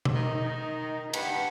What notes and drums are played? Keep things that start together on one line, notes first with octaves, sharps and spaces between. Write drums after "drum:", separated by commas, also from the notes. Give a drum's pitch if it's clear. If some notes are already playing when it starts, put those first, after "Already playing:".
drum: tom B2
D#3 D#4
D#3
G2 B4 F#5, drum: cymbal